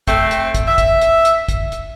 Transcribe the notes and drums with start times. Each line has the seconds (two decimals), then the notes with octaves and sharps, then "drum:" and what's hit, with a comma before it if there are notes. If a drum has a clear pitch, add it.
0.08 A3 C4, drum: kick, hi-hat
0.31 drum: hi-hat
0.55 drum: kick, hi-hat
0.67 E5
0.78 drum: kick, hi-hat
1.02 drum: hi-hat
1.25 drum: hi-hat
1.49 drum: kick, hi-hat
1.72 drum: hi-hat